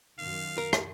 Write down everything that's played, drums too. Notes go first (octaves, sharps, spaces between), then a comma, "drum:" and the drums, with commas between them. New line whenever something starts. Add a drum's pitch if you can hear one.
F#2 D#3 F5
A#4
drum: rim click